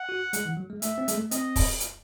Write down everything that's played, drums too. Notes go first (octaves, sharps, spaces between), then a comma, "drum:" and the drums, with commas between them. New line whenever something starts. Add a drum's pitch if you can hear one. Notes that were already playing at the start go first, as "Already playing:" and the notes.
Already playing: F#5
F#4
G#3, drum: hi-hat
E3
F#3
G#3
A3 E5, drum: hi-hat
C4
G#3, drum: hi-hat
A3
C4 D#5, drum: hi-hat
drum: kick, open hi-hat
drum: hi-hat